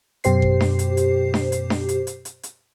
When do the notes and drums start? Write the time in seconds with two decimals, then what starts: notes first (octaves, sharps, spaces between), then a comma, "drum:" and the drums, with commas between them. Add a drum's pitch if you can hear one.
0.24 F#2 B2 G4 C5 C7, drum: hi-hat
0.42 drum: kick G#1
0.60 drum: snare D4
0.79 drum: hi-hat
0.97 drum: hi-hat
1.34 drum: snare D4
1.52 drum: hi-hat
1.70 drum: snare D4
1.89 drum: hi-hat
2.07 drum: hi-hat
2.25 drum: hi-hat
2.43 drum: hi-hat